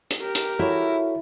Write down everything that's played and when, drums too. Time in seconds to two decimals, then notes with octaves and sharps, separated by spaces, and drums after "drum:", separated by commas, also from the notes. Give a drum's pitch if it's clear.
0.11 drum: hi-hat
0.20 G4 A#4
0.35 drum: hi-hat
0.59 E4 F#4 A4 C#5